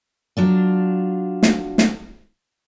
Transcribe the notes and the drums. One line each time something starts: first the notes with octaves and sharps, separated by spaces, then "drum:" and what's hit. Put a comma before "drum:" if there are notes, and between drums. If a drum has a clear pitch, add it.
F#3 D4 F4
drum: snare
drum: snare